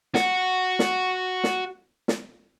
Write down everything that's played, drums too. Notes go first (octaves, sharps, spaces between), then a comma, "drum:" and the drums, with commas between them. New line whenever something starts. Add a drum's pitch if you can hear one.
F#4 F#5, drum: snare
drum: snare
drum: snare
drum: snare